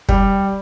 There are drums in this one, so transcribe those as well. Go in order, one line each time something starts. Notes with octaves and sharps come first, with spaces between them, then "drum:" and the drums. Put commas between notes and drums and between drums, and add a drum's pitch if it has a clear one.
G3, drum: kick